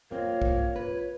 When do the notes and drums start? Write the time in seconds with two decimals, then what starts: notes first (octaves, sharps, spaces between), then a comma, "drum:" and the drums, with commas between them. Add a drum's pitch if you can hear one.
0.11 G#3 A#3 C4 F4 C#5
0.42 drum: kick
0.76 B4